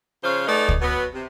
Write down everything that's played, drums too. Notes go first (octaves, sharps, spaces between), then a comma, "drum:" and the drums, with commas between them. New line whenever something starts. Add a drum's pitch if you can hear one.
C#3 F3 C5 C#5 F5
A3 B3 D#4 G#4 D5
drum: kick
B2 F#3 B3
C3